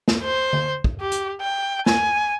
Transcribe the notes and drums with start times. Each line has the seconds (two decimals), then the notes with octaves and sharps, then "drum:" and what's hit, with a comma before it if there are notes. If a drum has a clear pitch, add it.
0.08 drum: snare
0.23 C5
0.53 drum: tom D3
0.84 drum: kick
1.00 G4
1.12 drum: hi-hat
1.41 G5
1.86 G#5, drum: snare